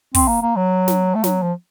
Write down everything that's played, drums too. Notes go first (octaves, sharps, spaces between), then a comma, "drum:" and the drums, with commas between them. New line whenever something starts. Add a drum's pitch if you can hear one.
C4, drum: kick, open hi-hat
A#3
A#3
F#3
drum: snare
A3
F#3, drum: snare
F3